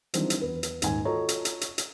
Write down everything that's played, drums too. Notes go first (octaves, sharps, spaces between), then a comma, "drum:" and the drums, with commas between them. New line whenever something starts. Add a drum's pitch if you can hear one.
D#3 E3 F#3 G3 C4 D4, drum: hi-hat
drum: hi-hat
E2 B4
drum: hi-hat
D#1 G#2 G#5, drum: hi-hat
F4 F#4 A4 C#5 D#5 A#5
drum: hi-hat
drum: hi-hat
drum: hi-hat
drum: hi-hat